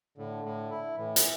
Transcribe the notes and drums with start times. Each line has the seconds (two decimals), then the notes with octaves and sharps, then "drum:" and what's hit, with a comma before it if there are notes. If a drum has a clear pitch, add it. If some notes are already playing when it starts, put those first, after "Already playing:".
0.18 A2 D3
0.44 A2
0.70 E4
0.96 A2 E3
1.16 drum: hi-hat